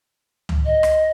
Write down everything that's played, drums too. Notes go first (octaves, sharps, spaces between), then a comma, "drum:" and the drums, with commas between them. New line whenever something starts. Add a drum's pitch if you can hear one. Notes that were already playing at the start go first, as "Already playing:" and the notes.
drum: tom C#2
D#5
drum: rim click